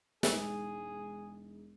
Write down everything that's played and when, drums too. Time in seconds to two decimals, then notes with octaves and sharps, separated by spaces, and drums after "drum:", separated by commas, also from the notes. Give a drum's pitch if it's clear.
0.23 E1 G#2 G#4, drum: snare